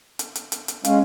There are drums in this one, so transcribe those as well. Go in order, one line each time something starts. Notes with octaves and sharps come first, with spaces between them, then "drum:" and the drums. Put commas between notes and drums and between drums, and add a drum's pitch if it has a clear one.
drum: hi-hat
drum: hi-hat
drum: hi-hat
drum: hi-hat
G#3 C#4 F5, drum: hi-hat